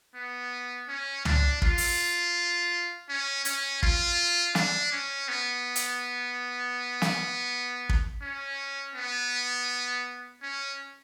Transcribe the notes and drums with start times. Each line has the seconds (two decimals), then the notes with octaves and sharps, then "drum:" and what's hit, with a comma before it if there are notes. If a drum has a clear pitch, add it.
0.15 B3
0.88 C#4
1.25 D4, drum: tom
1.62 F4, drum: kick
1.78 drum: open hi-hat
3.09 C#4
3.45 C#4, drum: hi-hat
3.83 F4, drum: kick
4.55 D4, drum: snare
4.92 C#4
5.28 B3
5.76 drum: hi-hat
7.02 drum: snare
7.89 drum: kick
8.22 C#4
8.95 B3
10.42 C#4